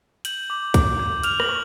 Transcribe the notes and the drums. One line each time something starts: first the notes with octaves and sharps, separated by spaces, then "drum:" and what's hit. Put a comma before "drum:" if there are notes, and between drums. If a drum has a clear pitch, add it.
G6 F#7, drum: hi-hat
D6
D6, drum: kick, hi-hat
G6
F6 F7, drum: hi-hat
F#7, drum: rim click
C#6